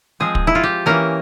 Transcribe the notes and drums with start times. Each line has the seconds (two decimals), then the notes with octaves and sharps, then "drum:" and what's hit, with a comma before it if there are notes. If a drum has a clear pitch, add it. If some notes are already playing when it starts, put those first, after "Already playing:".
0.20 F3 G#3 C4 G#4
0.35 drum: kick
0.47 E4
0.55 F4
0.63 G4
0.86 E3 A#3 C#4 A#4